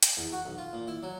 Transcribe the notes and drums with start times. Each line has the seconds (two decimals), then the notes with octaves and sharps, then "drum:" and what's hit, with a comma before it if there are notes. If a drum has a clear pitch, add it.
0.03 drum: hi-hat
0.17 E2
0.32 F#4
0.45 B1
0.58 F4
0.73 A#2
0.88 E4
1.03 F#3